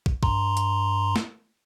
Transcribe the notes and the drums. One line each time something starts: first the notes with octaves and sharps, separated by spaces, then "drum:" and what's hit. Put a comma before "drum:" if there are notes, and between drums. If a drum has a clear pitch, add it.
drum: kick
G2 A#5 C6, drum: kick
drum: hi-hat
drum: snare